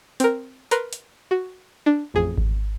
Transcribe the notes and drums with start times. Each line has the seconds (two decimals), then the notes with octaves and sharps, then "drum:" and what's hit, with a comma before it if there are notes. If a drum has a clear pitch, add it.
0.20 C4 A#4, drum: hi-hat
0.71 A#4 B4 C6, drum: hi-hat
0.93 drum: hi-hat
1.31 F#4
1.86 D4
2.14 A1 F2 G#4
2.38 drum: kick G#1